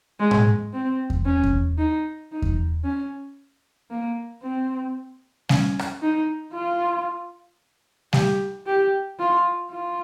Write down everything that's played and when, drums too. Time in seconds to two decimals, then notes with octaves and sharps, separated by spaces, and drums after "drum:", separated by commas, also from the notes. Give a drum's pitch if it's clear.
0.20 G#3
0.31 drum: tom A2
0.73 C4
1.10 drum: kick E2
1.25 C#4
1.43 drum: kick E2
1.78 D#4
2.32 D#4
2.42 drum: kick E2
2.84 C#4
3.90 A#3
4.42 C4
5.49 C#4, drum: snare G3
5.79 drum: rim click
6.02 D#4
6.54 F4
8.13 G4, drum: snare G3
8.66 G4
9.19 F4
9.71 F4